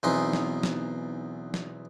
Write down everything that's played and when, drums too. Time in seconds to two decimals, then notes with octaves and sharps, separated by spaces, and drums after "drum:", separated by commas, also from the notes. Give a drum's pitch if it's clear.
0.03 B1 E2 C4 D#4 G#5 C6
0.33 drum: snare
0.63 drum: snare
1.54 drum: snare